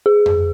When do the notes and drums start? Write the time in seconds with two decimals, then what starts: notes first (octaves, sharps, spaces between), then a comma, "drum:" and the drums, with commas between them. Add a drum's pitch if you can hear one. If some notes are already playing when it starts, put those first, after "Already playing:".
0.06 G#4
0.26 drum: tom F2